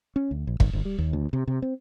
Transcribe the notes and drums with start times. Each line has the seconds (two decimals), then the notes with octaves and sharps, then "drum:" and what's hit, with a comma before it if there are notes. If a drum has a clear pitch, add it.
0.16 C#4
0.31 D2
0.47 A#1
0.60 G#1, drum: kick
0.73 G1
0.85 G3
0.98 D#2
1.13 D2
1.33 C3
1.47 C3
1.62 C4